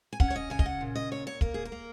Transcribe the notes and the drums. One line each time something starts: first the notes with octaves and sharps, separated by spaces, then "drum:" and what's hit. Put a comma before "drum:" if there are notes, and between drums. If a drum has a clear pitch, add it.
G#5
C#4 F#5, drum: kick
C#5
D#5
C#3 G#5
D#5, drum: kick
F#5
A#2
D#5
A#2 C#5
C#5
A#3 A#4, drum: kick
G#4
A#4
A#3